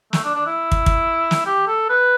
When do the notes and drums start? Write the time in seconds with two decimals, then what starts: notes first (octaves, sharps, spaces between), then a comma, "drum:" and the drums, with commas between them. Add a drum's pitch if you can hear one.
0.13 A3, drum: snare
0.24 D4
0.35 D4
0.46 E4
0.72 drum: kick
0.86 drum: kick
1.31 drum: snare
1.46 G4
1.67 A4
1.89 B4